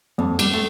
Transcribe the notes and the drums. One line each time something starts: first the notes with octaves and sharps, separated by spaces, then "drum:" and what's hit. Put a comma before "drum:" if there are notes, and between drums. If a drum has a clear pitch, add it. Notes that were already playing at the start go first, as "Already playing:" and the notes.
F2 G3
G3, drum: cymbal
A3